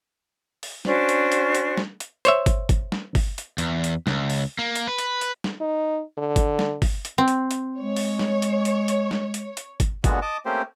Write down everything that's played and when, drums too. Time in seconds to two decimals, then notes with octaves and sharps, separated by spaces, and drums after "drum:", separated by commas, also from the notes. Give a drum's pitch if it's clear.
0.63 drum: open hi-hat
0.85 C#4 D4 F#4 C5, drum: snare
1.09 drum: hi-hat
1.32 drum: hi-hat
1.55 drum: hi-hat
1.77 drum: snare
2.00 drum: hi-hat
2.25 C5 C#5 E5, drum: hi-hat
2.46 drum: kick, hi-hat
2.69 drum: kick, hi-hat
2.92 drum: snare
3.15 drum: kick, open hi-hat
3.38 drum: hi-hat
3.58 E2, drum: hi-hat
3.84 drum: hi-hat
4.07 C#2, drum: snare
4.30 drum: open hi-hat
4.59 A#3
4.76 drum: hi-hat
4.87 B4
4.98 drum: hi-hat
5.21 drum: hi-hat
5.44 drum: snare
5.60 D#4
6.17 D3
6.36 drum: kick, hi-hat
6.59 drum: snare
6.82 drum: kick, open hi-hat
7.05 drum: hi-hat
7.18 C4
7.28 drum: hi-hat
7.51 drum: hi-hat
7.80 G#3 C#5
7.96 drum: open hi-hat
8.19 drum: snare
8.42 drum: hi-hat
8.65 drum: hi-hat
8.88 drum: hi-hat
9.11 drum: snare
9.34 drum: hi-hat
9.57 drum: hi-hat
9.80 drum: kick, hi-hat
10.04 A#2 D3 G#3 B3 F#4, drum: kick, hi-hat
10.22 D#5 A5 D6
10.46 A3 A#3 C4 C#4 G4 C5